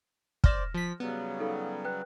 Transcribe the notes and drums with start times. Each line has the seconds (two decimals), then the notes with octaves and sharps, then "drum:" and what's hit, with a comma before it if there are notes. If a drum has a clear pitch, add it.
0.44 C5 D5 F6 A#6 E7, drum: kick
0.74 F3 B6
1.00 C#3 F#3 G3 B3
1.39 D#4 A4 F5
1.85 B4 G5 F#6